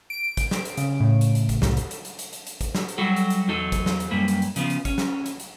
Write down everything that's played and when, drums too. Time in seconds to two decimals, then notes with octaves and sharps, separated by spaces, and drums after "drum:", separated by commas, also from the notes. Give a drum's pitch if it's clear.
0.10 D7
0.37 drum: kick, hi-hat
0.51 drum: snare
0.65 drum: hi-hat
0.77 C#3, drum: hi-hat
1.00 A2
1.21 drum: hi-hat
1.35 drum: hi-hat
1.49 drum: kick, hi-hat
1.62 C2, drum: snare
1.77 drum: hi-hat
1.91 drum: hi-hat
2.05 drum: hi-hat
2.19 drum: hi-hat
2.33 drum: hi-hat
2.47 drum: hi-hat
2.61 drum: kick, hi-hat
2.75 drum: snare
2.89 drum: hi-hat
2.98 F#3 G3 F#4 A4
3.16 drum: hi-hat
3.30 drum: hi-hat
3.48 E2 F#3 D#4 A4
3.72 drum: kick, hi-hat
3.86 drum: snare
4.00 drum: hi-hat
4.11 F#2 G3 A#3 B4
4.28 drum: hi-hat
4.42 drum: hi-hat
4.56 C#3 F3 B3, drum: hi-hat
4.70 drum: hi-hat
4.85 C#4, drum: kick, hi-hat
4.98 drum: snare
5.26 drum: hi-hat
5.40 drum: hi-hat